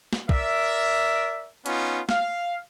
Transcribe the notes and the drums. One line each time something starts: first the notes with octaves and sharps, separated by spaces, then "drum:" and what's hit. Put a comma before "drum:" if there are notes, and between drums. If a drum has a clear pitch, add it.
drum: snare
A#4 D5 E5, drum: kick
B3 C#4 D#4 F4, drum: hi-hat
F5, drum: snare